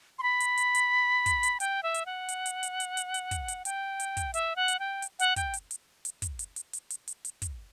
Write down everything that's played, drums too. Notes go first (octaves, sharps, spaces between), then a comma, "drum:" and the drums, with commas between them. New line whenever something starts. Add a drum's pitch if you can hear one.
C6
B5
drum: hi-hat
drum: hi-hat
drum: hi-hat
drum: kick, hi-hat
drum: hi-hat
G5, drum: hi-hat
E5
drum: hi-hat
F#5
drum: hi-hat
drum: hi-hat
drum: hi-hat
drum: hi-hat
drum: hi-hat
drum: hi-hat
drum: kick, hi-hat
drum: hi-hat
G5, drum: hi-hat
drum: hi-hat
drum: kick, hi-hat
E5, drum: hi-hat
F#5
drum: hi-hat
G5
drum: hi-hat
F#5, drum: hi-hat
G5, drum: kick, hi-hat
drum: hi-hat
drum: hi-hat
drum: hi-hat
drum: kick, hi-hat
drum: hi-hat
drum: hi-hat
drum: hi-hat
drum: hi-hat
drum: hi-hat
drum: hi-hat
drum: kick, hi-hat